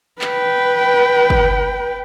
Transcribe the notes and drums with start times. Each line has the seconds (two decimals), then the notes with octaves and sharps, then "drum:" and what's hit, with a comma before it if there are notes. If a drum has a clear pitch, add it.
0.21 B4 G5, drum: clap
1.30 drum: kick